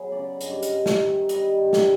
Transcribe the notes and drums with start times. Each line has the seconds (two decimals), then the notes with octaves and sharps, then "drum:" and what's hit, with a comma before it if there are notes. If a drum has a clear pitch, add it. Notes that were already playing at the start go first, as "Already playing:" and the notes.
Already playing: F#3 B3 G#4
0.12 C#3 D5
0.41 G2 D#5, drum: hi-hat
0.51 D5
0.63 D#5, drum: hi-hat
0.70 G2
0.86 E5, drum: snare
1.00 D#3
1.29 G3 D#5, drum: hi-hat
1.59 G2
1.73 E5, drum: snare